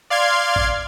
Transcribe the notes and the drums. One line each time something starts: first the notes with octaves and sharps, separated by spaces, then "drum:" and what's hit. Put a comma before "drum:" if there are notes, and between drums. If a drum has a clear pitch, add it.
D5 F5 C6 F6 G#6
drum: kick